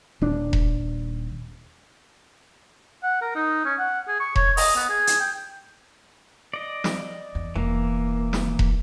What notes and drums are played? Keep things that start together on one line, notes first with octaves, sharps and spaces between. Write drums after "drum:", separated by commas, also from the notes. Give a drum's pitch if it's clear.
D#1 D4
drum: kick E1
F#5
A#4
D#4
C#4
F#5
G#4
C#6
C#5, drum: kick E1
D#5, drum: open hi-hat
B3
G#4
drum: hi-hat
G5
D5 D#5
drum: snare
E2
E1 E3 A#3
drum: snare
drum: kick E1